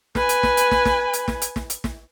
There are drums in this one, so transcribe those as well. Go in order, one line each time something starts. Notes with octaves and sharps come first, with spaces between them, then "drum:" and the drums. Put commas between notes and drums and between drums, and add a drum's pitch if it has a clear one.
B4 G#5, drum: snare
drum: hi-hat
drum: snare
drum: hi-hat
drum: snare
drum: snare
drum: hi-hat
drum: snare
drum: hi-hat
drum: snare
drum: hi-hat
drum: snare